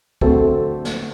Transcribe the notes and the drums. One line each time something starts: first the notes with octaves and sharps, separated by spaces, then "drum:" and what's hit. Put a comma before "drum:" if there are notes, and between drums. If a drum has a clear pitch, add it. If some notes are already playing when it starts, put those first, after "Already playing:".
D3 A3 C4 F#4 A4, drum: kick
drum: snare